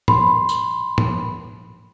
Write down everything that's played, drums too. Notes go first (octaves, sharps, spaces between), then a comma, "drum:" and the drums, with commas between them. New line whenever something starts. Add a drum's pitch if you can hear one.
B5 C6, drum: tom
drum: tambourine
drum: tom